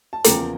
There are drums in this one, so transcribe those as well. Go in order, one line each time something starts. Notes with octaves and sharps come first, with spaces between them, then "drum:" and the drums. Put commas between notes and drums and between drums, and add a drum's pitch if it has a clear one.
A5
E2 C#3 F3 A#3 G5 A#5, drum: hi-hat